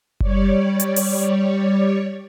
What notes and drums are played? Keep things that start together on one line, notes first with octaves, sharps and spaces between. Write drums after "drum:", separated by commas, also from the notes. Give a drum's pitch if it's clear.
G3 C#5 D5, drum: kick F#1
drum: hi-hat
drum: open hi-hat